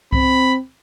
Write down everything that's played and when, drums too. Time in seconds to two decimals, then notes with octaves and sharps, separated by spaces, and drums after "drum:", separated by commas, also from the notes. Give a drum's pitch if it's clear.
0.13 C4 B5, drum: kick C2